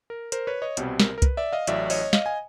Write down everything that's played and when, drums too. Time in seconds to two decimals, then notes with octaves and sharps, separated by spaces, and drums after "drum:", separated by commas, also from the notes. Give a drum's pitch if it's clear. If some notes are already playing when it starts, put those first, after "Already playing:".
0.10 A#4
0.32 A#4 C5, drum: hi-hat
0.47 B4 C#5
0.62 C#5 D#5
0.77 C2 B2 G3 C4, drum: hi-hat
1.00 A#4, drum: snare
1.18 A#4
1.22 B4, drum: kick, hi-hat
1.37 D5 E5
1.53 D#5 F5
1.67 A1 A2 F#3 D5 E5, drum: hi-hat
1.90 C#5 D#5, drum: open hi-hat
2.13 D#5 F5, drum: snare
2.26 G#5